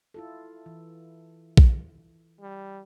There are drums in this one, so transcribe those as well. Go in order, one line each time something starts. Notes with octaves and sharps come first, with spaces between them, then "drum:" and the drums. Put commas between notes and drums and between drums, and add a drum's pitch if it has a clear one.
E4 F4 A4
E3
drum: kick A#1
G3